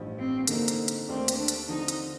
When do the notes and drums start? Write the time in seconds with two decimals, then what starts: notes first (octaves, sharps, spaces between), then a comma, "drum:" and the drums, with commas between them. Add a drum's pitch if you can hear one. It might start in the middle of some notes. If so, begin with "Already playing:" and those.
Already playing: A1 G2 F3
0.18 C4
0.47 D3 F3 A#3 C4 D#4 A4, drum: hi-hat
0.68 drum: hi-hat
0.88 drum: hi-hat
1.08 D#2 D#3 A3 C4 D4
1.28 drum: hi-hat
1.38 D4
1.48 drum: hi-hat
1.69 D3 F3 C4 D#4
1.88 drum: hi-hat